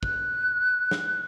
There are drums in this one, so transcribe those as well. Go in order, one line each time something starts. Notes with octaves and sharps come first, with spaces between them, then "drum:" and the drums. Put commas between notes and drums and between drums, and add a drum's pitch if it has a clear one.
F#6, drum: kick
drum: snare